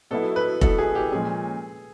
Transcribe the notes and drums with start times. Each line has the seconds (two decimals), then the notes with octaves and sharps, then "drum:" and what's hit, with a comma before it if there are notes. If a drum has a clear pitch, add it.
0.11 B2 F#3 B3 E4 A4
0.36 B4
0.61 B2 F#3 B3 E4 A4, drum: kick F1
0.78 G#4
0.95 G4
1.11 A#2 F3 G#3 C#4 G#4